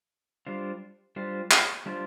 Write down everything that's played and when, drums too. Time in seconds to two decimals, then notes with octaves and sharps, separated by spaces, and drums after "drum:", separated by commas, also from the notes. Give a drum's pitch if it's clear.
0.47 G3 D4 F4 C5
1.16 G3 D4 F4 C5
1.51 drum: clap
1.86 G3 D4 F4 C5